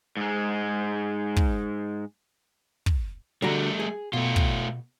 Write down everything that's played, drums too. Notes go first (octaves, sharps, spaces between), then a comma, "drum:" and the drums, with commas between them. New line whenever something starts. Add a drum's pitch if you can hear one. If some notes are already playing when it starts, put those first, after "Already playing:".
G#2 G#3
drum: kick
drum: kick
D3 G3 A3 F#4 A#5
G#4
B2 A3 F4
drum: kick